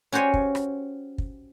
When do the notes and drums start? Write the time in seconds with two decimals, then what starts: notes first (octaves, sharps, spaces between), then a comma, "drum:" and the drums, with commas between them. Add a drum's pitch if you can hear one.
0.12 C#4 F#4 G4 C5 C#5 G#5
0.34 drum: kick
0.55 drum: rim click
1.18 drum: kick